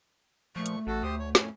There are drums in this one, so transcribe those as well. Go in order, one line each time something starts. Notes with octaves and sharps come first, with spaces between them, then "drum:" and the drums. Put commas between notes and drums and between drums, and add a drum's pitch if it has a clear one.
A#2 F3 A3 C#6
drum: hi-hat
A1 F#4 A4
D2 G4 C5 D#6
C#5
F2 A2 C#4, drum: snare